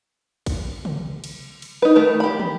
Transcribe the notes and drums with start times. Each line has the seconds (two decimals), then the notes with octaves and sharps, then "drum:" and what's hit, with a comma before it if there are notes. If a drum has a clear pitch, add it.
0.46 drum: kick A#1, cymbal
0.85 drum: tom
1.24 drum: cymbal
1.62 drum: cymbal
1.82 D#4 B4
1.96 D#3 A3 A#4 B4
2.20 G4 B5
2.39 drum: tom